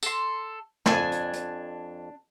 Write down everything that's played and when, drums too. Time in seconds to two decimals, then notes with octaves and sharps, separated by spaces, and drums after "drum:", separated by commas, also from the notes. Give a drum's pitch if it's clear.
0.03 A4 C6, drum: tambourine
0.86 F2 D4 G#5 A5, drum: snare
1.12 drum: hi-hat
1.33 drum: hi-hat